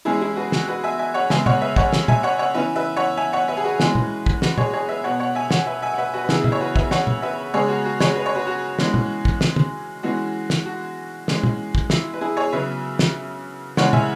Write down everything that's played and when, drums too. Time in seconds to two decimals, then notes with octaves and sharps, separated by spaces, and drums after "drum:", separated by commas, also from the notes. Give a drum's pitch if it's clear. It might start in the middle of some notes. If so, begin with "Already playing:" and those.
0.05 E3 G#3 C#4 E4 G#4
0.21 E4 G#4
0.36 F#4 B4
0.52 F#4, drum: snare
0.67 F#4 B4
0.84 E5 G#5
0.99 E5 G#5
1.14 C#5 F#5
1.30 C#3 G#3 B3 E5 G#5, drum: snare
1.46 C#5 F#5, drum: tom
1.61 B4 E5
1.76 C#5 F#5, drum: kick
1.93 drum: snare
2.08 E5 G#5, drum: tom
2.23 C#5 F#5
2.39 C#5 F#5
2.55 E3 C#4 B4 E5
2.76 B4 E5
2.96 C#5 F#5
3.17 E5 G#5
3.33 C#5 F#5
3.48 B4 E5
3.57 G#4
3.64 F#4 B4
3.80 E3 G#3 C#4, drum: snare
3.95 drum: tom
4.26 drum: kick
4.42 F#4 B4, drum: snare
4.58 G#4 C#5, drum: tom
4.73 G#4 C#5
4.89 B4 E5
5.04 B2 B3 C#5 F#5
5.20 C#5 F#5
5.35 E5 G#5
5.51 C#5 F#5, drum: snare
5.67 B4 E5
5.82 E5 G#5
5.94 F#5
5.98 B4 E5
6.13 F#4 B4
6.24 B4
6.29 C#3 E3 B3 E4 G#4, drum: snare
6.44 E5, drum: tom
6.52 C#5
6.60 F#4 B4
6.76 B4 E5, drum: kick
6.91 C#5 F#5, drum: snare
7.07 drum: tom
7.22 B4 E5
7.54 C#3 G#3 B3 G#4 C#5
7.69 F#4
7.85 F#4
8.00 G#4 C#5, drum: snare
8.16 B4
8.26 C#5
8.35 F#4 B4
8.47 F#4
8.79 E3 G#3 C#4, drum: snare
8.94 drum: tom
9.25 drum: kick
9.41 drum: snare
9.56 drum: tom
10.03 E3 G#3 C#4 F#4
10.50 drum: snare
10.65 F#4
11.28 E3 G#3 C#4, drum: snare
11.43 drum: tom
11.75 drum: kick
11.90 E4, drum: snare
12.14 B4
12.21 E4 G#4
12.37 G#4 C#5
12.52 C#3 F#3 B3 B4 E5
12.99 drum: snare
13.77 C#3 E3 G#3 C#5 F#5, drum: snare
13.93 E5 G#5, drum: tom